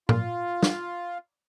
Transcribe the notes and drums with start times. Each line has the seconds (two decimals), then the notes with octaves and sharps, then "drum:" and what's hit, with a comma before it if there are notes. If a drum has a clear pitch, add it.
0.09 A#2 F4, drum: tom G#2
0.63 drum: snare